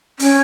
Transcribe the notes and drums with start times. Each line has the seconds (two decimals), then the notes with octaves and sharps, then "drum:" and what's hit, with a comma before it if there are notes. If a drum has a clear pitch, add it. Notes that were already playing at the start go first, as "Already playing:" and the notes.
0.19 C#4, drum: open hi-hat